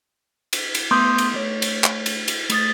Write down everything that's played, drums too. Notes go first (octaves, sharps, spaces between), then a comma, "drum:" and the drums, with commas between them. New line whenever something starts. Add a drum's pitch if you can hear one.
drum: cymbal
drum: cymbal
A3 B3 C6 D6 D#6 G6
drum: cymbal
A3 C#5
drum: cymbal
drum: clap
drum: cymbal
drum: cymbal
A3 D#6 A6, drum: cymbal